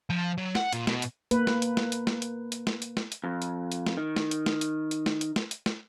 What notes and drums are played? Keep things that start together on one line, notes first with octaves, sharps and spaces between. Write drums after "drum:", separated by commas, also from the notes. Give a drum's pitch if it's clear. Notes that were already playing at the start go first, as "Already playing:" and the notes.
F3
F#3
F#5, drum: snare
A#2, drum: hi-hat
B2, drum: snare
drum: hi-hat
A#3 B4, drum: hi-hat
drum: snare
drum: hi-hat
drum: snare
drum: hi-hat
drum: snare
drum: hi-hat
drum: hi-hat
drum: snare
drum: hi-hat
drum: snare
drum: hi-hat
F2
drum: hi-hat
drum: hi-hat
drum: snare
D#3
drum: snare
drum: hi-hat
drum: snare
drum: hi-hat
drum: hi-hat
drum: snare
drum: hi-hat
drum: snare
drum: hi-hat
drum: snare